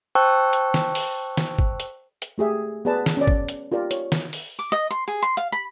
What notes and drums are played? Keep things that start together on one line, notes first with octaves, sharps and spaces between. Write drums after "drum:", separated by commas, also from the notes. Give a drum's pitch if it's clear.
C5 G5 A5 C#6 E6 F#6
drum: hi-hat
drum: snare
drum: open hi-hat
drum: snare
drum: kick
drum: hi-hat
drum: hi-hat
A3 G4 G#4 E5
B3 G#4 B4 D5 A5
drum: snare
C#4 D5
drum: kick
drum: hi-hat
F4 G4 A#4 D5
C#5, drum: hi-hat
drum: snare
drum: open hi-hat
D6
D#5
C6
G#4
C6
F5
B5